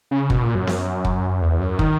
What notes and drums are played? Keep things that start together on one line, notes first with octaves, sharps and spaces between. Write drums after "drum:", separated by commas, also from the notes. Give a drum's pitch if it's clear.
C#3
B2, drum: kick
A#2
F#2
drum: snare B3
drum: kick
E2
F#2
D#3, drum: kick